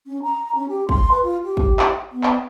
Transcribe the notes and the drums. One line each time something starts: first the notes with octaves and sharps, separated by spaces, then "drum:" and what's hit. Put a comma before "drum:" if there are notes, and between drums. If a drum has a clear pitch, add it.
C#4
A#5
C#4
G4
C6, drum: kick
B4
F4
G4
drum: kick
drum: clap
B3
drum: clap